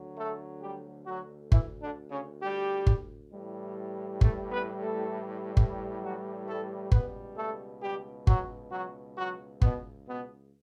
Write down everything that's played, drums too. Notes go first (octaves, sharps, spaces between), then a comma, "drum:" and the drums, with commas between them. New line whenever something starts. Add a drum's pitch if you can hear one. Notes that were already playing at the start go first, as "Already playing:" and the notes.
Already playing: D2 D3 F#3
A3 A4
G3 G4
F#3 F#4
E3 E4, drum: kick G1
D3 D4
C#3 C#4
G3 G4
drum: kick G1
A2 E3 G3
A3 A4, drum: kick G1
B3 B4
A3 A4
drum: kick G1
F#3 F#4
A3 A4
C#2 B2 G3 B3 B4, drum: kick G1
A3 A4
G3 G4
F#3 F#4, drum: kick G1
F#3 F#4
F#3 F#4
B2 B3, drum: kick G1
B2 B3